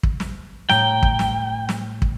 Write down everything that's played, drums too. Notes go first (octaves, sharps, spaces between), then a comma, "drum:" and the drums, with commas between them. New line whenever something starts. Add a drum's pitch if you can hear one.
drum: kick
drum: snare
A2 G5 A#5, drum: snare
drum: kick
drum: snare
drum: snare
drum: kick